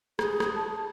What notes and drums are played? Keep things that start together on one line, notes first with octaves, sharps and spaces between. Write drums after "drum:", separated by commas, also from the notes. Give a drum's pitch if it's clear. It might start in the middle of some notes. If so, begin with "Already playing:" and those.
G#4, drum: rim click
drum: rim click
A5